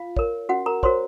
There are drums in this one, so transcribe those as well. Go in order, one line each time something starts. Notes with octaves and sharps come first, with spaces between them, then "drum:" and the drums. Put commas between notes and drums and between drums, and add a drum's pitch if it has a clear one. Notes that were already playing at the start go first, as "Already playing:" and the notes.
Already playing: F4 F5
A#4 C#5, drum: kick
C#4 F#4 F#5
A#4 A#5
F#4 A#4 C5 C#5 C6, drum: kick